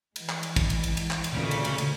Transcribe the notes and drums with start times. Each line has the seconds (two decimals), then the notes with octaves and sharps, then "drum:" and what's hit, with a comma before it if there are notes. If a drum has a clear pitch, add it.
0.16 E3 G#3, drum: cymbal
0.29 drum: clap
0.43 drum: cymbal
0.56 drum: kick, cymbal
0.70 drum: cymbal
0.83 drum: cymbal
0.97 drum: cymbal
1.11 drum: clap
1.24 drum: cymbal
1.33 D2 A#2 C#3
1.51 drum: cymbal
1.65 drum: cymbal
1.78 drum: cymbal